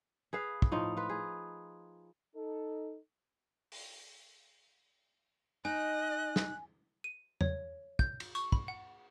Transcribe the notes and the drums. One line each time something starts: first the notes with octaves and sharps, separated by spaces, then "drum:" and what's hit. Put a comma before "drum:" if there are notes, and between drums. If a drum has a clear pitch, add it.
G#4 B4 F5
drum: kick
A2 F3 D#4 F4
F4 B4
G#4
D#4 A4
drum: open hi-hat
D#4 D#5 G#5 F#6
drum: snare
D#7
C#5, drum: tom E2
G6, drum: kick
drum: cymbal
C#6, drum: tambourine
B5, drum: kick
F#5